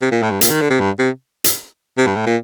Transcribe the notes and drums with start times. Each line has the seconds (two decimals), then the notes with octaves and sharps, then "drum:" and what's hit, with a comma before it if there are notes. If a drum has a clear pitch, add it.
0.02 C3
0.11 A#2
0.22 A2
0.31 G2
0.41 A#2, drum: hi-hat
0.50 D#3
0.61 D3
0.70 C3
0.80 G2
0.99 C3
1.44 drum: hi-hat
1.97 C3
2.06 G2
2.16 A2
2.26 A#2